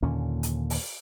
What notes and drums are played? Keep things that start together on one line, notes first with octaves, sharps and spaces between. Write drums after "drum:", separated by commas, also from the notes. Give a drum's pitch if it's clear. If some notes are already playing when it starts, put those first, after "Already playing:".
D#2 A#2 D3 C#4
drum: hi-hat
drum: open hi-hat